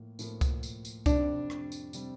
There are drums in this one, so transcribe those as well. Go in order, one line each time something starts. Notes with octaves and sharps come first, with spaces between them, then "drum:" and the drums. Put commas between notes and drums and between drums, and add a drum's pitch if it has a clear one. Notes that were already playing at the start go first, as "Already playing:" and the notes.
Already playing: A2 F3 A#3
A2 F3 A#3, drum: tambourine
drum: kick C#2, tambourine
drum: tambourine
drum: tambourine
F2 C3 G3 C4 D4, drum: kick C#2, tambourine
drum: rim click
drum: tambourine
C3 G3 C4, drum: tambourine